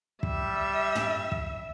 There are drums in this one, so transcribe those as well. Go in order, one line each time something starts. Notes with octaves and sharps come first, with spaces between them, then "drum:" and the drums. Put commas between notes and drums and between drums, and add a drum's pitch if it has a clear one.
G3 E5, drum: kick
drum: tom
drum: kick